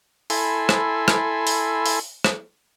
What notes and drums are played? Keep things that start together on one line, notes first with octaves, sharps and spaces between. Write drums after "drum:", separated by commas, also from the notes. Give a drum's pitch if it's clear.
E4 A4 G#5 B5 C6, drum: open hi-hat
drum: rim click
drum: rim click
drum: open hi-hat
drum: open hi-hat
drum: rim click